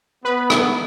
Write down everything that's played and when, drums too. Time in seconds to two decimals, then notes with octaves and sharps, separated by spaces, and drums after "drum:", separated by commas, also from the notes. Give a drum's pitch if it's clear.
0.25 B3 B4
0.50 drum: rim click